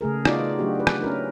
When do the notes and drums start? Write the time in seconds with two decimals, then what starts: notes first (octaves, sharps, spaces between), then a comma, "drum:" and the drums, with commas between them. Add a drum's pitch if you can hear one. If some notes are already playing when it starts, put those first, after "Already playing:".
0.01 C#3 A3 G#4 A#4
0.25 B3 D#4 F4 F#4 D5, drum: rim click
0.59 F#3 A3 D4 F#4 G4
0.75 G4 B4
0.87 drum: rim click
1.03 C#4 E4 A#4